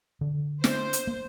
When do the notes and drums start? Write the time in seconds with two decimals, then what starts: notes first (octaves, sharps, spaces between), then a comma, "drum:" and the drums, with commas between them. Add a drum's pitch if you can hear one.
0.21 D3
0.64 D4 C5, drum: snare
0.93 drum: hi-hat
1.07 A#3